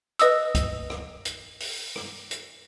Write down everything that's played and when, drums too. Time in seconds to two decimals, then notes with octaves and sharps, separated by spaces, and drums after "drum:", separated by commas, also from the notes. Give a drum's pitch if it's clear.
0.19 B4 D#5 D#6 E6, drum: hi-hat
0.55 drum: kick, hi-hat
0.90 drum: rim click
1.25 drum: hi-hat
1.60 drum: open hi-hat
1.96 drum: rim click
2.31 drum: hi-hat